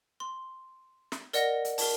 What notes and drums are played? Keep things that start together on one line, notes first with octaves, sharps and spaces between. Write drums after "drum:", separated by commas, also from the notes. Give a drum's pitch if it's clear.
C6
drum: snare
A#4 D5 D#5 F#5 A#6, drum: hi-hat
drum: hi-hat
A#4 A5, drum: open hi-hat